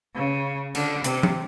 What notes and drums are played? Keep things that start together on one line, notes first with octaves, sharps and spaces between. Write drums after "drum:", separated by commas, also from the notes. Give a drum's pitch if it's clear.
C#3
D3, drum: cymbal
C3, drum: hi-hat
drum: tom F3